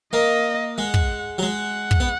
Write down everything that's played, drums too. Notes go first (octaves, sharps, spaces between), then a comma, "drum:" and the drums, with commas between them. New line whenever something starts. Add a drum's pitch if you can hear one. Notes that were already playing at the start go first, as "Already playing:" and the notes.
A#3 D#5
G#3 F#5
drum: kick
F#3
G#3 F#5
drum: kick
B3